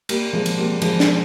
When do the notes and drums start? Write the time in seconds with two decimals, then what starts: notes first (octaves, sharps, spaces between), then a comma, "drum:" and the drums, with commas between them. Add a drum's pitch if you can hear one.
0.09 G3 A#3, drum: cymbal
0.33 F3 G#3
0.46 drum: cymbal
0.58 G3 A#3
0.82 F3 G#3, drum: cymbal
1.00 drum: snare